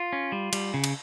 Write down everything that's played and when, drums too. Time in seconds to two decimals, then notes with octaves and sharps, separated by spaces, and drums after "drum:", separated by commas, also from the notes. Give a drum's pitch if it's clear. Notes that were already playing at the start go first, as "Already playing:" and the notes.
Already playing: F4
0.13 C#4
0.32 G3
0.53 G3, drum: cymbal
0.74 C#3
0.84 drum: cymbal